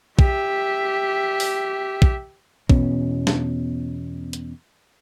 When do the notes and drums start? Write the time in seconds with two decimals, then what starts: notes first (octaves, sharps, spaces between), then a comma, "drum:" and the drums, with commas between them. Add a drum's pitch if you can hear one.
0.19 G4 E5, drum: kick
1.40 drum: open hi-hat
2.02 drum: kick
2.70 E2 B2 C#4, drum: kick
3.27 drum: snare
4.33 drum: hi-hat